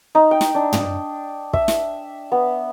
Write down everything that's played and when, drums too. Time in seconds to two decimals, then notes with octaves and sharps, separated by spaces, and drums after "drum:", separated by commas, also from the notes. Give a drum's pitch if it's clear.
0.15 D#4
0.31 G5
0.41 drum: snare
0.55 D4
0.73 drum: tom
1.53 E5, drum: kick
1.68 drum: snare
2.32 B3